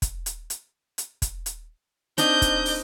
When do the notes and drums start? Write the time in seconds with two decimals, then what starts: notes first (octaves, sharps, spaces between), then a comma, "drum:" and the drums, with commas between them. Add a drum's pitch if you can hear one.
0.02 drum: kick, hi-hat
0.26 drum: hi-hat
0.50 drum: hi-hat
0.98 drum: hi-hat
1.22 drum: kick, hi-hat
1.46 drum: hi-hat
2.18 C4 D4 D#4 D#5 G6, drum: hi-hat
2.42 drum: kick, hi-hat
2.66 drum: open hi-hat